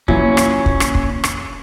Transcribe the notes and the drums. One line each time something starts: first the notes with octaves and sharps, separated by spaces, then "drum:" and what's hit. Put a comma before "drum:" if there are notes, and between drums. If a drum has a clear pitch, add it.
A#2 E3 F#3 C#4, drum: kick
drum: rim click
drum: kick
drum: rim click
drum: kick
drum: rim click